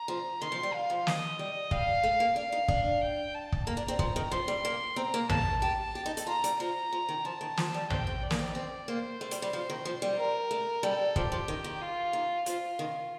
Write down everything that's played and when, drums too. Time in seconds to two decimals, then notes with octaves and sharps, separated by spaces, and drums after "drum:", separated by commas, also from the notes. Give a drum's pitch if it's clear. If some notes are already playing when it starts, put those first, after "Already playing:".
Already playing: A#5
0.08 F3
0.41 D#3 C6
0.52 F3
0.63 G3
0.74 F5
0.90 F3
1.07 D#5, drum: snare
1.39 G3
1.71 G3 F5, drum: kick
2.03 A3
2.20 A#3
2.36 D4 F5
2.52 D#4
2.68 D4, drum: kick
3.01 G5
3.34 A5
3.52 drum: kick
3.67 A#3 A#5
3.77 D4
3.88 C4
3.99 F3, drum: kick
4.16 D#3
4.31 F3 C6
4.48 G3
4.65 A#3
4.96 C4 A#5
5.14 A#3
5.29 A#3 A5, drum: tom A1
5.62 G4 A5
5.95 G4
6.06 D#4
6.17 A4, drum: hi-hat
6.27 F4 A#5
6.44 G3, drum: hi-hat
6.60 F3 A#5
6.92 F3
7.09 D#3
7.25 F3 A5
7.41 D#3
7.57 F3, drum: snare
7.74 G3
7.90 C4 G5, drum: tom A1
8.07 C4
8.23 D5
8.31 A#3, drum: snare
8.39 C4
8.47 D#4
8.55 C4
8.88 A#3 C5
9.21 A3
9.31 G3, drum: hi-hat
9.42 G3
9.53 F3
9.70 D#3
9.85 F3
10.02 G3
10.17 A#4
10.51 A3
10.83 G3 A4
11.16 F3 G4, drum: kick
11.32 F3
11.48 D#3
11.64 D#3
11.81 F4
12.13 D#3
12.46 F3 F4, drum: hi-hat
12.79 D#3